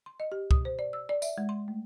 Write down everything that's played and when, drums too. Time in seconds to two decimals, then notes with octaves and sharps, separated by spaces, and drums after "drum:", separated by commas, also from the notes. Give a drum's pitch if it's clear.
0.06 C6
0.20 D#5
0.32 G4
0.51 D#6, drum: kick
0.65 C5
0.79 D5
0.93 E6
1.09 D5
1.22 E5, drum: tambourine
1.38 G#3
1.49 C6
1.68 A3